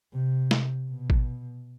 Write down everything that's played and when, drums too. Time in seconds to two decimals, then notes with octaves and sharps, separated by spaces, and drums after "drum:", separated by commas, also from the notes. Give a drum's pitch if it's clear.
0.13 C3
0.51 drum: snare
0.90 B2
1.10 drum: kick G#1